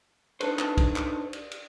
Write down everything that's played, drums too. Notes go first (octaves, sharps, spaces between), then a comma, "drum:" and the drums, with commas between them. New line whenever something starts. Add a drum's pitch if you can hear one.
D4 D#4 A4 B4 C5, drum: cymbal
drum: clap
drum: kick, cymbal
drum: clap
drum: cymbal
drum: cymbal